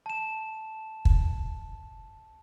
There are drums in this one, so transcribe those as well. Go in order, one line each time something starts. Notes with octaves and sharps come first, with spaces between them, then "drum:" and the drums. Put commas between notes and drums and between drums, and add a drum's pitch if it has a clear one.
A5 E7
drum: kick